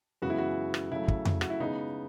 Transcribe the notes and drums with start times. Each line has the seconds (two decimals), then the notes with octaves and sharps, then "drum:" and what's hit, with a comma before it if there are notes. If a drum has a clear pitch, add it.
0.22 F#2 C#3 E3 G#3 B3 F#4
0.30 E4
0.38 F#4
0.74 drum: rim click
0.91 C#3 F#3 A3 E4
1.08 drum: kick
1.25 drum: tom F2
1.41 F#4, drum: rim click
1.50 E4
1.60 C#3 G#3 B3 D#4